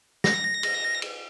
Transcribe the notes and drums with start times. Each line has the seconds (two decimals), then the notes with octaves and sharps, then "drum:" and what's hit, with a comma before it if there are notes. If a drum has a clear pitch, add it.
0.24 A#6, drum: snare
0.63 drum: cymbal
1.02 drum: cymbal